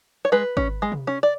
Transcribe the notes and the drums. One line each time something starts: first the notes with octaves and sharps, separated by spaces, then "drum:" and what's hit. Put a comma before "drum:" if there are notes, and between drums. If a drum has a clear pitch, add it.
C#5
G#3 B4
C#4, drum: kick G#1
G#3
drum: tom C3
C#4
D5